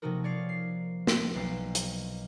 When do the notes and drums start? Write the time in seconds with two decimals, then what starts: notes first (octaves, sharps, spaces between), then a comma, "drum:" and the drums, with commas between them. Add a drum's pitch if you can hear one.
0.02 C3 F3 A#3 D#4 F#4 A#4
0.24 C#5 D5 F5
0.49 C7
1.07 drum: snare
1.36 B1 F5
1.75 drum: hi-hat